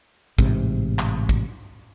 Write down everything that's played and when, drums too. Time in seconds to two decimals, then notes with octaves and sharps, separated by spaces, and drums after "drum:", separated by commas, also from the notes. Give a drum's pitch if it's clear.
0.39 A1 G#2 C3, drum: kick
0.99 drum: clap
1.29 drum: kick